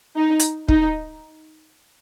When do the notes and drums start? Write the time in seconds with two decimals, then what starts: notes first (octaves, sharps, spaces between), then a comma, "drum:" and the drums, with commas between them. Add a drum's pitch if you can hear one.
0.16 D#4
0.40 drum: hi-hat
0.69 D#4, drum: kick